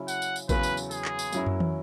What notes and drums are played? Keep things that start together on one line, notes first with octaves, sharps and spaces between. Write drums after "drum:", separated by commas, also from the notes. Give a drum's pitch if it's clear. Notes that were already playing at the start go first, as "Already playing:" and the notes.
Already playing: C#3 F#3 C#4 E4
F#5, drum: tambourine
drum: tambourine
drum: tambourine
E2 C#3 F#3 B3 B4, drum: kick A1, tambourine
drum: tambourine
drum: tambourine
G#4, drum: tambourine
drum: clap
drum: tambourine
F#2 F#3 C#4 E4, drum: tambourine
drum: tom
drum: tom